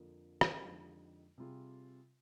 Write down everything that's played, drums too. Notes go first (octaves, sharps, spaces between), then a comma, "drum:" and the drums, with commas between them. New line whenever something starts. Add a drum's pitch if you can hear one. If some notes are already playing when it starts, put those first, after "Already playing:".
Already playing: F2 D3 F3 A#3
drum: rim click
F2 D3 G#3 D#4 G4
C3 G3 C4 F4 G#4